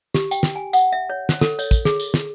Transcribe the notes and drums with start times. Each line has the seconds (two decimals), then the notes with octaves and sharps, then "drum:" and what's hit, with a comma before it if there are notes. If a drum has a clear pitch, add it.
0.15 G4, drum: snare
0.31 G5, drum: tambourine
0.43 drum: snare
0.56 G#5
0.73 F#5, drum: tambourine
0.93 E5
1.10 C#5
1.29 C5, drum: snare
1.41 A4, drum: snare
1.59 C#5, drum: tambourine
1.71 drum: kick, tambourine
1.85 G#4, drum: snare
2.00 drum: tambourine
2.14 drum: snare